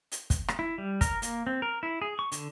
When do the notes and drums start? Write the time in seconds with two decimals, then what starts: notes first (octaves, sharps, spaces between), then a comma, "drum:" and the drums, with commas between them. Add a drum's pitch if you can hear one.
0.12 drum: hi-hat
0.30 drum: kick, hi-hat
0.48 drum: rim click
0.59 E4
0.78 G3
1.01 A#4, drum: kick, hi-hat
1.22 A#3, drum: hi-hat
1.47 C4
1.62 A#4
1.83 E4
2.02 G#4
2.19 C#6
2.32 D3, drum: hi-hat